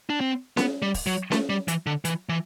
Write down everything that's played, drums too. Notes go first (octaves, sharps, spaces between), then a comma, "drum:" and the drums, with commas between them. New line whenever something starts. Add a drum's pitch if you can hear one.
D4
C4
B3, drum: snare C#4
G3
drum: kick E1, open hi-hat
F#3
A3, drum: snare C#4
G3
E3, drum: hi-hat
D3
E3, drum: hi-hat
E3